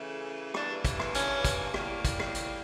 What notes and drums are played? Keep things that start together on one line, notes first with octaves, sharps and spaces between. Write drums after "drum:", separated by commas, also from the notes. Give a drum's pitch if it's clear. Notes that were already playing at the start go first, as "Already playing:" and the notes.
Already playing: C#3 E3 A3
G2 E3 A#3 D4, drum: rim click
drum: kick, hi-hat
drum: rim click
C#4, drum: hi-hat
drum: kick, hi-hat
A2 G3 A#3, drum: rim click
drum: kick, hi-hat
drum: rim click
drum: hi-hat